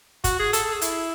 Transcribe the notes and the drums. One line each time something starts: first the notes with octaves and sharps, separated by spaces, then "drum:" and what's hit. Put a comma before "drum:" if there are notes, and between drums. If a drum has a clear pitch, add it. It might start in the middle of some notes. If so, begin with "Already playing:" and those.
F#4, drum: kick, hi-hat
G#4
A4, drum: hi-hat
G#4
E4, drum: hi-hat